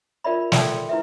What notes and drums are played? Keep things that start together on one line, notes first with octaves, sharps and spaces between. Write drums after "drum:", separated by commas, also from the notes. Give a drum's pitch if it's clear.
F4 A#4 D5 E5 B5
A4 D5 E5 G5 C6 E6, drum: snare
E4 B4 E5